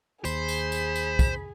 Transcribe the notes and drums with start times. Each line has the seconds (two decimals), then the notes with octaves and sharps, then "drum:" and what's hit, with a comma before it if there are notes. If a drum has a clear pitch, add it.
0.25 D#2 G#4 C5 B5, drum: tambourine
0.48 drum: tambourine
0.72 drum: tambourine
0.96 drum: tambourine
1.19 drum: kick, tambourine